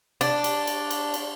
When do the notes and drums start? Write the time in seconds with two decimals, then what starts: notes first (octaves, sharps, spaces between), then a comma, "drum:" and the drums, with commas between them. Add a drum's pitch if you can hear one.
0.21 D4, drum: cymbal
0.44 drum: cymbal
0.67 drum: cymbal
0.91 drum: cymbal
1.14 drum: cymbal